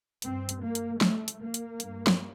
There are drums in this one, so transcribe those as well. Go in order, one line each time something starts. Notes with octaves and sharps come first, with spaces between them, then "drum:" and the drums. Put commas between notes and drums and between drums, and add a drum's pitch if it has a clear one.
G2 C4, drum: hi-hat
drum: hi-hat
A#3
drum: hi-hat
A3, drum: snare
drum: hi-hat
A#3
drum: hi-hat
G2, drum: hi-hat
drum: snare